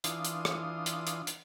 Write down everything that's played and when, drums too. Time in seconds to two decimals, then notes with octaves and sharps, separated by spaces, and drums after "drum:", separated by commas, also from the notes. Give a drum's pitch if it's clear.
0.04 E3 D4 F4 C6 D#6, drum: hi-hat
0.25 drum: hi-hat
0.45 drum: rim click
0.86 drum: hi-hat
1.07 drum: hi-hat
1.27 drum: hi-hat